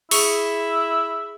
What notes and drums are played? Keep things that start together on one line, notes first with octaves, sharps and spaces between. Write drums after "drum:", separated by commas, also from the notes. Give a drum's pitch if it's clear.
E4 G#4 C#6 C#7, drum: open hi-hat